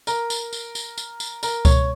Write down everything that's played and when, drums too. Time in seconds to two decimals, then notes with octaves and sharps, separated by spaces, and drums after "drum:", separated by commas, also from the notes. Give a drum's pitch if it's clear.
0.07 A#4, drum: tambourine
0.30 drum: tambourine
0.53 drum: tambourine
0.75 drum: tambourine
0.98 drum: tambourine
1.20 drum: tambourine
1.43 A#4, drum: tambourine
1.65 C#5, drum: kick C#2, tambourine